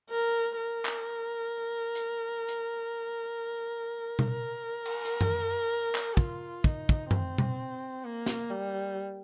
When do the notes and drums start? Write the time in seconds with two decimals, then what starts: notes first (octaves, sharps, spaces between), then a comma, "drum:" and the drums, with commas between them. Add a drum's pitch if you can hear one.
0.10 A#4
0.57 A#4
0.85 drum: clap
1.95 drum: hi-hat
2.49 drum: hi-hat
4.19 drum: tom B2
4.31 A#4
4.85 drum: cymbal
5.05 drum: hi-hat
5.21 drum: tom F#2
5.95 drum: clap
6.17 F4, drum: kick
6.64 D#4, drum: kick
6.89 drum: kick
7.11 C4, drum: tom F#2
7.38 drum: tom B2
8.04 A#3
8.26 drum: snare
8.50 G3